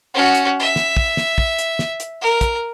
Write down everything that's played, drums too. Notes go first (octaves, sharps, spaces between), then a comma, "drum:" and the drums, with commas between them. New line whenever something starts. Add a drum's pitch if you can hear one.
C#4 F#4
drum: hi-hat
E5
drum: snare
drum: kick
drum: snare
drum: kick
drum: hi-hat
drum: snare
drum: hi-hat
A#4
drum: kick, hi-hat